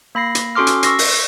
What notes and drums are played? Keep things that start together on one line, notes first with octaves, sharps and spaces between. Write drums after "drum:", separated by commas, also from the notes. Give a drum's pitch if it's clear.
A#3 B5 A#6 C7
drum: hi-hat
C#4 F#4 A4 C6 D6 F6
drum: hi-hat
C#6 E6 A#6 C7, drum: hi-hat
drum: open hi-hat